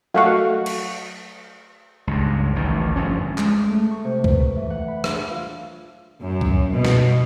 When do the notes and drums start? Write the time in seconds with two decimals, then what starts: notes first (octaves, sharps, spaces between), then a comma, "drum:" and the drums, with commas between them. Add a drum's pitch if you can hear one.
0.14 F#3 A3 F#4 A4 D#5 F5 F#5 C#6
0.66 drum: cymbal
2.07 C#2 G2
2.56 A1 D2 D#3
2.96 G1 F2 F3 C#4
3.38 G#3, drum: clap
3.70 A3
3.91 C#6
4.04 C3
4.24 B4, drum: kick C#2
4.56 E3
4.70 F#5
4.88 B5
5.04 D4, drum: rim click
5.30 F4
6.21 F#2
6.41 drum: kick C#2
6.72 B2
6.85 drum: snare